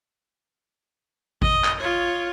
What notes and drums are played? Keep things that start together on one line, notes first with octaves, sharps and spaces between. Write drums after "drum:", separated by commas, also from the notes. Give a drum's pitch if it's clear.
D#5, drum: kick G#1
drum: clap
F4 C#5